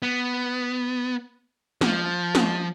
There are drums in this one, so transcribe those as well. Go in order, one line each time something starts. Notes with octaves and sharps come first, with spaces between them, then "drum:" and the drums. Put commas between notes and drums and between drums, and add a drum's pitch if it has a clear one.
B3
F3, drum: snare
drum: snare